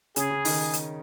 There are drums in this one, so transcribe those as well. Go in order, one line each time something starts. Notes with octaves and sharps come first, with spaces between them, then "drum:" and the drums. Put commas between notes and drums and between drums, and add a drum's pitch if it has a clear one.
C#3 C#4 G#4, drum: hi-hat
C#3 C#4
D#3 D#4, drum: open hi-hat
drum: hi-hat